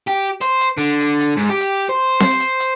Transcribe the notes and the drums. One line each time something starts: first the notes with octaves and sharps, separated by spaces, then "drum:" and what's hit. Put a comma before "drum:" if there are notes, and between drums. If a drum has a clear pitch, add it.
G4
C5, drum: hi-hat
drum: hi-hat
D3
drum: hi-hat
drum: hi-hat
G#2
G4
drum: hi-hat
C5
drum: snare C4
drum: hi-hat
drum: hi-hat